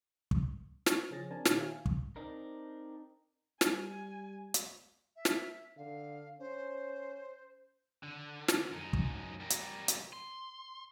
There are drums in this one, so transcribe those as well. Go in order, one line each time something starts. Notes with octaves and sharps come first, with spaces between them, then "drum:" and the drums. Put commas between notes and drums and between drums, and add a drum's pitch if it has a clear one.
drum: kick
C#6, drum: snare
C#3 F3 C#4 G#4 A6 A#6
C4 D4 A#4 G#5 A5
A#2 D#3 C#4 G4, drum: snare
E5 F5 G#5
drum: kick
C4 D4 D#4 A#4
G3 G#5, drum: snare
drum: hi-hat
E5
drum: snare
D3 F5
C#4 C5
D3
drum: snare
F#2 D#4
drum: kick
G3 A#4
drum: hi-hat
drum: hi-hat
C6